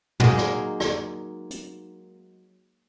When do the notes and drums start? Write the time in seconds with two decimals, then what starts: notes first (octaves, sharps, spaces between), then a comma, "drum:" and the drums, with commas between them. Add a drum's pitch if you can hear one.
0.20 F#3 G#3 A#3 D#4, drum: tom
0.38 drum: rim click
0.80 drum: rim click
1.50 drum: hi-hat